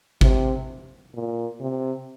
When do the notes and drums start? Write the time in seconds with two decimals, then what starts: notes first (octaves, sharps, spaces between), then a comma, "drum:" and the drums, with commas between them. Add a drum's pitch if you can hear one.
0.21 C3, drum: kick G#1
1.14 A#2
1.60 C3